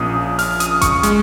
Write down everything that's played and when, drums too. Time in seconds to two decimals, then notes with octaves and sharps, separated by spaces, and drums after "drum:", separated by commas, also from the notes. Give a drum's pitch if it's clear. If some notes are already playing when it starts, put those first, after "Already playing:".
Already playing: A#1 A#2 A#3 C#4 D#6
0.39 F6, drum: open hi-hat
0.60 D#6, drum: hi-hat
0.81 C#6, drum: kick G#1, hi-hat
1.03 G#3, drum: hi-hat